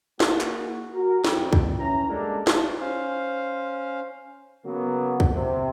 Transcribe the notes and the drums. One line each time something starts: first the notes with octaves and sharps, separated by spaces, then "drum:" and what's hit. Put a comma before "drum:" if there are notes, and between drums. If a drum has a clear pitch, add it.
A#3 E4 F#4 G#4, drum: snare
drum: clap
F#4 A#4
F2 G5, drum: snare
drum: kick C2
E3 C#4 A#5
G3 G#3 A#3 D4 A4
drum: snare
C#4 C5 F5
C#3 F#3 A#3 B3
drum: kick C2
C3